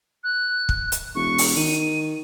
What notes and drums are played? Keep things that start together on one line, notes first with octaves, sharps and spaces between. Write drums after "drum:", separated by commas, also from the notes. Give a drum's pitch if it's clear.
F#6
drum: kick
drum: hi-hat
E1 C#6
drum: open hi-hat
D#3 D#7